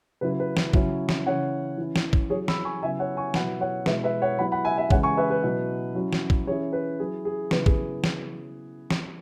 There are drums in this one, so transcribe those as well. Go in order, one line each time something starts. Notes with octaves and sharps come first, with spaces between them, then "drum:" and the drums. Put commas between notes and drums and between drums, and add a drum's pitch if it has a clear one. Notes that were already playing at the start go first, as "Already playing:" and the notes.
C#3 F#3 E4 B4
B4
drum: snare
C#3 F#3 C#4 E4, drum: kick A1
drum: snare
C#3 E3 C#4 E4 C#5 F#5
E3 C#4 E4
drum: snare
drum: kick A1
F#3 E4 G#4 C#5
B5 E6, drum: snare
G#5 C#6
C#3 F#3 B3 E4 E5 G#5
C#5 F#5
G#5 C#6
B2 F#3 B3 E4 F#5 B5, drum: snare
C#5 F#5
B2 G#3 E4 B4 E5, drum: snare
B4 E5
C#5 F#5
F#3 B3 E4 F#5 B5
F#5 B5
E5 G#5
E5 G#5
C#3 E3 G#3 C#4 E4 C#5 F#5, drum: kick A1
G#5 C#6
B4 E5
B4
B2 F#3 E4
F#3 C#4 E4
drum: snare
drum: kick A1
E3 C#4 E4 G#4 C#5
B4
F#3 E4 G#4
G#4
C#3 F#3 B3 E4 B4, drum: snare
G#4, drum: kick A1
drum: snare
drum: snare